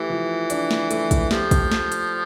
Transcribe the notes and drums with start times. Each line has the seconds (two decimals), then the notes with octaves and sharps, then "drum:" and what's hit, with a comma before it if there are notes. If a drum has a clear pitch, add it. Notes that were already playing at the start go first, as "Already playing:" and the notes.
Already playing: E3 A3 G4
0.10 F3
0.50 D4, drum: hi-hat
0.71 drum: snare
0.91 A3, drum: hi-hat
1.11 drum: kick, hi-hat
1.31 F3 G4, drum: snare
1.51 drum: kick, hi-hat
1.71 drum: snare
1.92 drum: hi-hat